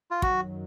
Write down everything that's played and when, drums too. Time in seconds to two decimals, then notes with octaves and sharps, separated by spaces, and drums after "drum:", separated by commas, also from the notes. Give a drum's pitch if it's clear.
0.11 F4
0.22 F#2 D#3 F#3 F#4, drum: kick